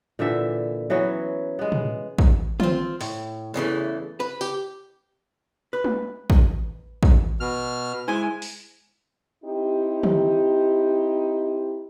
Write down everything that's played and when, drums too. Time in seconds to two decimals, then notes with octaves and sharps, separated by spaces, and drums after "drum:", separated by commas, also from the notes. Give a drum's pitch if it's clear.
0.19 A#2 D3 E3 E5
0.90 E3 F#3 B3 C#4
1.59 G#3 B3
1.72 drum: tom
2.18 drum: kick
2.60 C4 F4, drum: tom
3.01 A2, drum: open hi-hat
3.54 E2 C#3 E3 A3
4.20 B4
4.41 G4, drum: tambourine
5.73 B4
5.84 drum: tom
6.30 drum: kick
7.03 drum: kick
7.40 B2 F6
8.08 G#3 E4 C5 G#5
8.42 drum: open hi-hat
9.44 C4 D#4 E4 G4
10.03 drum: tom